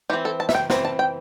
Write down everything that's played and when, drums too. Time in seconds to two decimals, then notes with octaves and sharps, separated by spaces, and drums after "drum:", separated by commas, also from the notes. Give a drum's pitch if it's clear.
0.10 E3 C4 G4
0.25 A4
0.40 A5
0.49 E5, drum: snare
0.55 G5
0.70 E3 C4, drum: snare
0.85 A5
0.99 G5